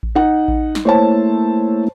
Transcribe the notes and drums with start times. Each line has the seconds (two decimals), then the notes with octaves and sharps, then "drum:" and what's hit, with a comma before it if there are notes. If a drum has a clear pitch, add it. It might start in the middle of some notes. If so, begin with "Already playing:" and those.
0.03 drum: kick A1
0.15 D#4 F#5
0.48 drum: kick A1
0.75 drum: snare
0.85 A3 A#3 E4 C5 C#5 A5